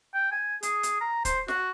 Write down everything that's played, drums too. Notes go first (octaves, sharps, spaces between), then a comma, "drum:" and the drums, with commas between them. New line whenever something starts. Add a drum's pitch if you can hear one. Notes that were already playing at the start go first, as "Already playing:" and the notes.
G5
G#5
G#4, drum: hi-hat
drum: hi-hat
A#5
C5, drum: kick, hi-hat
F#4, drum: snare